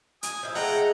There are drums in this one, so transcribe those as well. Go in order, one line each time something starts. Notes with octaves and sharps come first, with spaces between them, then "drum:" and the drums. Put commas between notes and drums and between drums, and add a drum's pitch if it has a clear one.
G#5 D#6, drum: hi-hat
F3 E4
G#3 A3 F4 F#5 G5 A#5